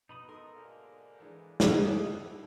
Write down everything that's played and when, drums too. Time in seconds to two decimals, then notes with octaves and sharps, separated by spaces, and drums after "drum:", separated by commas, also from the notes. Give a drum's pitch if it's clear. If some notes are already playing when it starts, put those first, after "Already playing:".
0.09 B2 D#4 B4 B5 D#6
0.29 D#4 A4 A#4 C6 D#6
0.56 G#2 D3 A#3
1.19 E3 G#3 D4
1.60 drum: snare
1.82 F3 E4 G4 A4 C#5 F#5 D#6
1.98 A4